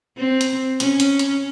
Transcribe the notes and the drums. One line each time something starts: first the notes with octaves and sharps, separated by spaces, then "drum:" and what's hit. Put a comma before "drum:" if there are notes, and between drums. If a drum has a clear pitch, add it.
C4
drum: hi-hat
C#4, drum: hi-hat
drum: hi-hat
drum: hi-hat